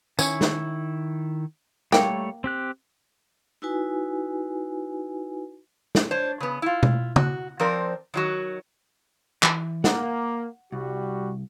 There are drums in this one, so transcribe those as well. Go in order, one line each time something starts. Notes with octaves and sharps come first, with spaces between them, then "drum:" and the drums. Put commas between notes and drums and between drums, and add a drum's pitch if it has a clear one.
D#3 C#4 E4 C#6, drum: tambourine
drum: snare
G3 A3 A#3 C#5 G5, drum: snare
C4 G4 F#6
D#4 E4 F#4 B4 G#5
drum: snare
D4 C5 C#5
C#3 B3
E4 F4
drum: tom B2
F#4, drum: tom
F3 C4 A#4 C5 D5
D#3 F#3 F#4
E3, drum: clap
A#3 F#5, drum: snare
C2 G3 F#4